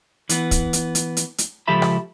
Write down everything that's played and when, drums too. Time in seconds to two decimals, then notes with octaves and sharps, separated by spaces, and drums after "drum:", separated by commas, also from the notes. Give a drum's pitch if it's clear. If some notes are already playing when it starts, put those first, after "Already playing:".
0.29 E3 B3, drum: hi-hat
0.51 drum: kick, hi-hat
0.73 drum: hi-hat
0.95 drum: hi-hat
1.17 drum: hi-hat
1.38 drum: hi-hat
1.68 C#2 F3 G4 A4 E5 B5
1.82 drum: rim click